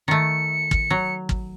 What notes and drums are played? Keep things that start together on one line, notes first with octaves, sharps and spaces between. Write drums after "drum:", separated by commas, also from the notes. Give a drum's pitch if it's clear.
D#3 A3 C#7
drum: kick
F#3
drum: kick